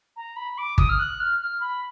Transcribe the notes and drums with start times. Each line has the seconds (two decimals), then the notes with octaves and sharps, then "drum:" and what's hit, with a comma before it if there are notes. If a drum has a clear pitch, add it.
0.16 A#5
0.36 B5
0.58 D6
0.78 D#6, drum: kick G1
0.89 F6
0.99 F#6
1.20 F6
1.41 F6
1.61 B5